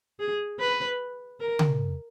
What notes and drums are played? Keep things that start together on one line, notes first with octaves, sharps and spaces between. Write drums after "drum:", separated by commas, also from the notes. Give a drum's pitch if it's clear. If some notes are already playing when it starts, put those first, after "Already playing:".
G#4
B4
A#4
drum: tom C#3